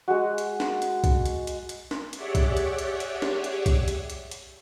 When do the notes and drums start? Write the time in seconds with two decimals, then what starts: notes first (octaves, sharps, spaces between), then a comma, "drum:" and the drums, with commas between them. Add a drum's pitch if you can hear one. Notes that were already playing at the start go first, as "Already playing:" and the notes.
0.08 G#3 F#4
0.38 drum: hi-hat
0.60 drum: snare
0.82 drum: hi-hat
1.04 drum: kick B1, hi-hat
1.26 drum: hi-hat
1.47 drum: hi-hat
1.69 drum: hi-hat
1.91 drum: snare
2.13 G4 G#4 C#5 D5 E5 F#5, drum: hi-hat
2.35 drum: kick B1, hi-hat
2.57 drum: hi-hat
2.78 drum: hi-hat
3.00 drum: hi-hat
3.22 drum: snare
3.44 drum: hi-hat
3.66 drum: kick B1, hi-hat
3.88 drum: hi-hat
4.10 drum: hi-hat
4.31 drum: hi-hat